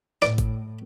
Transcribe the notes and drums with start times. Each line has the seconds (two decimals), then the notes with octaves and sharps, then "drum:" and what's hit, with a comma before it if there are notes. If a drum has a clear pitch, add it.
0.22 A2 D5, drum: snare
0.38 drum: kick G#1, hi-hat